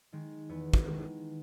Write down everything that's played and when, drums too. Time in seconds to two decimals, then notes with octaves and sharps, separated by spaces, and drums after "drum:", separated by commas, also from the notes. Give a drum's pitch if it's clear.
0.13 D#3 G#3
0.49 E2 B3
0.74 drum: kick
0.87 D#3 G#3